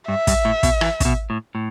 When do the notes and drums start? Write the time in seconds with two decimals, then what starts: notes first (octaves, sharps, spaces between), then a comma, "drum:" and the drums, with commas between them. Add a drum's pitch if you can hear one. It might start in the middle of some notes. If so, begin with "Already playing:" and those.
0.08 G2 E5
0.27 G2, drum: kick, hi-hat
0.45 A2
0.63 B2, drum: kick, hi-hat
0.81 E3, drum: rim click
1.00 C#3, drum: kick, hi-hat
1.05 B2
1.30 A2
1.55 A2